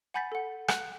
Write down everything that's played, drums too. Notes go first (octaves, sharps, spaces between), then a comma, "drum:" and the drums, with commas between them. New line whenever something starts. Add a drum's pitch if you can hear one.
F#5 G#5 B5 G6 A6 B6
A4 F#5
F#5 F#6, drum: rim click